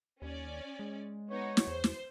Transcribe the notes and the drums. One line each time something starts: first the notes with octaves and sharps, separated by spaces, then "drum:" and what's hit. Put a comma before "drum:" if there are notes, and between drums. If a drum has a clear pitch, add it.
D#2 C#4 D5
G#3
B3 D#4 C#5
drum: snare
E2 C5
drum: snare